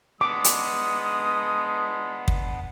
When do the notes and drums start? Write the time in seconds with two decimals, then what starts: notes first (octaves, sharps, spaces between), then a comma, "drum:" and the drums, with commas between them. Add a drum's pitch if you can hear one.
0.21 G#3 B3 D4 D6 D#6
0.44 drum: hi-hat
2.28 drum: kick